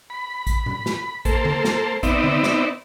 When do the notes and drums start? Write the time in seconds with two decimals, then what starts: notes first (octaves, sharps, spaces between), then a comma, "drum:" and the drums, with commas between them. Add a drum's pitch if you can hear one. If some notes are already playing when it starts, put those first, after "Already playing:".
0.10 B5
0.47 drum: kick A1, hi-hat
0.66 drum: tom A2
0.86 drum: snare
1.25 A#3 A4 C5, drum: kick A1, hi-hat
1.45 drum: tom D3
1.65 drum: snare
2.03 B3 C4 D#4 D5 E5, drum: kick A1, hi-hat
2.24 drum: tom D3
2.43 drum: snare